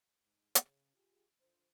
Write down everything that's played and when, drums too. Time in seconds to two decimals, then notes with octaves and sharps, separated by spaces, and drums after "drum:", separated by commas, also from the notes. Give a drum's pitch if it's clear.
0.23 G#2
0.55 C#3, drum: hi-hat
0.94 F4 G4 G#4
1.41 D3 F3 C5